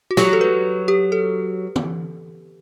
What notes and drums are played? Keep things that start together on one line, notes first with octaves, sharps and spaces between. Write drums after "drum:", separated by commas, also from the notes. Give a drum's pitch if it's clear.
F#4
F#3 G4, drum: snare
A4
B4
G4
A4
drum: tom D3